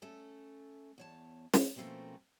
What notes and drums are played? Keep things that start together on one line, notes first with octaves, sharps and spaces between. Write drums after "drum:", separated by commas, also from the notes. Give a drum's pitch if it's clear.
A3 C#4 A4
E2 C#5 A5
drum: snare
B2 F3 A3 A#3 C4 C#4